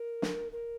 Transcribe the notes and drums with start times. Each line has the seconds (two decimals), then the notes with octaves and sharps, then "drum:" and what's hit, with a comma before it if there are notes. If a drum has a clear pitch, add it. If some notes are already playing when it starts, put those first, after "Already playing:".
Already playing: A#4
0.22 drum: snare
0.52 A#4